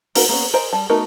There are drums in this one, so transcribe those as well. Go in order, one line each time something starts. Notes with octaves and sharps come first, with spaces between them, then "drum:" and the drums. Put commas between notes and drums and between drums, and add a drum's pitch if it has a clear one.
A#3 D#4 F#4 A#4 B4, drum: open hi-hat
A#3 B3 C#4
A#4 C5 D#5 G#5
G3 A5
A3 B3 D#4 F#4 A#4